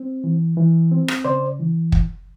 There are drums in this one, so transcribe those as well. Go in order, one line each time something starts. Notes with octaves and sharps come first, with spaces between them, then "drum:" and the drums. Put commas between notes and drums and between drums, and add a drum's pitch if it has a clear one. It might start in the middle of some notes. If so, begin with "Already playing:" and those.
Already playing: C4
E3
E3
C4
drum: rim click
C#3 C5 D5
E3
drum: kick